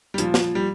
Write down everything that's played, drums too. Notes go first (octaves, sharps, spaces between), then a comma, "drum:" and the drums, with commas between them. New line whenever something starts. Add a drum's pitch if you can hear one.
G3
A#2 F3, drum: hi-hat
drum: snare
G3